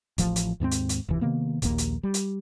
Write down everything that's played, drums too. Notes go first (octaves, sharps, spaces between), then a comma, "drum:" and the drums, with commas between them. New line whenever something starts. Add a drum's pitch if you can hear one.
A1 F3, drum: kick C#1, hi-hat
drum: hi-hat
D#2 G#2 A#3 C4
drum: hi-hat
drum: hi-hat
F1 D#2 E3
C3 D#3 A#3 B3
A#1 D#2 A#3, drum: kick C#1, hi-hat
drum: hi-hat
G3
drum: hi-hat